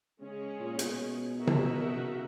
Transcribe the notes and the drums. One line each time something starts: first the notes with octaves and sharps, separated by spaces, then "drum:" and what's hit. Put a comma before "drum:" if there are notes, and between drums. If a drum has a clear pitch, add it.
C#3 G#3 C#4 G#4 C#5
A#2
B2, drum: hi-hat
D#4 F#4 A#4 E5
drum: tom C3
C#3